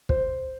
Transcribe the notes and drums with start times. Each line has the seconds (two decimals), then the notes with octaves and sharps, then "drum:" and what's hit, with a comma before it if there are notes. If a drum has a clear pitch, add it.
0.09 C5, drum: kick